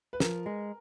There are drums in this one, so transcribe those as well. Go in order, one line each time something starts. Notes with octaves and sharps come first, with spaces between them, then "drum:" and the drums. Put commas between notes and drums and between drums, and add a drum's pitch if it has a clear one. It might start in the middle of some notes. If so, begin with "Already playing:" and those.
B4
F3 A#4, drum: snare
G#3